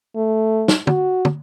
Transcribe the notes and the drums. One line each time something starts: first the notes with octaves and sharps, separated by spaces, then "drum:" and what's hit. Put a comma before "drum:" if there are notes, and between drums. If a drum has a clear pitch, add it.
A3
drum: snare
F#4, drum: tom
drum: tom